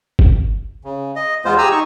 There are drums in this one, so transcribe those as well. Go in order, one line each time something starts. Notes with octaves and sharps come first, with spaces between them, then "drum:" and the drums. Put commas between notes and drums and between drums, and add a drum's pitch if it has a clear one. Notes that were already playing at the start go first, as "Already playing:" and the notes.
drum: kick G1
C#3
D#5
E2 G#3 B3 F4 C5
G4 G#4 G#5 A#5 E6
D#4 C#6